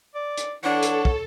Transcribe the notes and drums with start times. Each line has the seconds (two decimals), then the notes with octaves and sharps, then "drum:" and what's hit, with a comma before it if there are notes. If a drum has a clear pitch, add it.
0.15 D5
0.37 drum: hi-hat
0.64 E3 D4 A4 C#5 F#5
0.83 drum: hi-hat
1.05 drum: kick